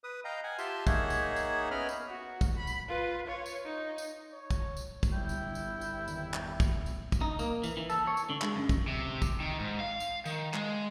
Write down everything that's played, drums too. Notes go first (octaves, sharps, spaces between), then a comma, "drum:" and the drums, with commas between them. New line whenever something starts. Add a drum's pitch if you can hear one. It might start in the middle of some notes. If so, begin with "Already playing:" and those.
B4 D#6
D#5 F5 G5 A#5
F#5 G#5
F4 G4 E5 A5 C6, drum: tambourine
A#3 D#4 G#4 C#5 E5 F#5, drum: kick, tambourine
drum: tambourine
drum: tambourine
B3 C#4 A#4 D#5 B5 F6
drum: tambourine
F#4
drum: kick, tambourine
B5
drum: tambourine
F4 B4
F4 C#5
drum: tambourine
D#4
drum: tambourine
C#5
drum: kick, tambourine
drum: tambourine
drum: kick, tambourine
G1 G3 E4 G5
drum: tambourine
drum: tambourine
drum: tambourine
E2 D#3 G3, drum: tambourine
drum: clap
drum: kick, tambourine
drum: tambourine
drum: kick, tambourine
D#4
A#3, drum: tambourine
E3, drum: tambourine
E3
A4, drum: tambourine
C#5
drum: tambourine
D3
G#3, drum: clap
F#2
drum: kick, tambourine
C3
drum: kick, tambourine
D#3
G#2
F5
drum: tambourine
D#3, drum: tambourine
G#3, drum: clap